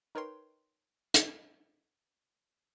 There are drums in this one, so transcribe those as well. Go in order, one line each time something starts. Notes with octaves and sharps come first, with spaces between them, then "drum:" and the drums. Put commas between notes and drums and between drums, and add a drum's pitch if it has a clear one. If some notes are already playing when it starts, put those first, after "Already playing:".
D#4 A#4 B4 C#5 G5 C6
drum: hi-hat